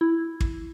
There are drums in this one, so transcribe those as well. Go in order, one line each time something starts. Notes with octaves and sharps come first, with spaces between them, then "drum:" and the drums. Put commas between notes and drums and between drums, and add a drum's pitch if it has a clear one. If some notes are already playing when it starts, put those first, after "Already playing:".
E4
drum: kick